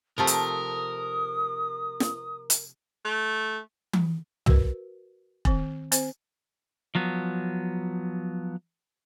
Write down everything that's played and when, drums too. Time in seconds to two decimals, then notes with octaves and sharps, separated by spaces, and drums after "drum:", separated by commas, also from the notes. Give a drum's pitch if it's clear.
0.18 C3 F3 A3 A#4 D#6
0.27 drum: hi-hat
2.00 drum: snare
2.50 drum: hi-hat
3.05 A3
3.93 drum: tom E3
4.46 F#4 A#4 B4, drum: tom
5.45 D#3 C4, drum: kick E1
5.92 C4 C5, drum: hi-hat
6.95 F3 F#3 B3